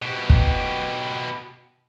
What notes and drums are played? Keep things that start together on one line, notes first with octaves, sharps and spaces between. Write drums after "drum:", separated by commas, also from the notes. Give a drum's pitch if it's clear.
B2 G4
drum: kick